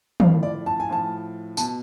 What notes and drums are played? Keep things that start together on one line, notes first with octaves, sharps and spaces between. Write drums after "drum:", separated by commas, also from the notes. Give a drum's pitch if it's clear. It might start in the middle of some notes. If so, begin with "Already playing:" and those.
A2 F3 F5, drum: tom
D5
A5
G#5
A2 F3 A5
B2 A5, drum: tambourine